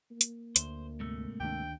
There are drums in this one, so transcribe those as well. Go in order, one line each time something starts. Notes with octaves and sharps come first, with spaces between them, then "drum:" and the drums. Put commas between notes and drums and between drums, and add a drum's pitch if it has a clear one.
A#3
drum: hi-hat
D2 C5, drum: hi-hat
G#2 C3 A3
D2 D#3 D4 G5